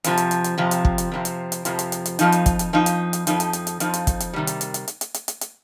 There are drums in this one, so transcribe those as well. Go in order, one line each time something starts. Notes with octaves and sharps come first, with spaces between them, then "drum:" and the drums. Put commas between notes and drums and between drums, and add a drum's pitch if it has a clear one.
F2 C3 F3, drum: hi-hat
drum: hi-hat
drum: hi-hat
drum: hi-hat
F2 C3 F3
drum: hi-hat
drum: kick
drum: hi-hat
F2 C3 F3
drum: hi-hat
drum: hi-hat
F2 C3 F3, drum: hi-hat
drum: hi-hat
drum: hi-hat
drum: hi-hat
F2 F3 D#4, drum: hi-hat
drum: hi-hat
drum: kick, hi-hat
drum: hi-hat
F2 F3 D#4
drum: hi-hat
drum: hi-hat
F2 F3 D#4, drum: hi-hat
drum: hi-hat
drum: hi-hat
drum: hi-hat
F2 F3 D#4, drum: hi-hat
drum: hi-hat
drum: kick, hi-hat
drum: hi-hat
C3 D#3 G3
drum: hi-hat
drum: hi-hat
drum: hi-hat
drum: hi-hat
drum: hi-hat
drum: hi-hat
drum: hi-hat
drum: hi-hat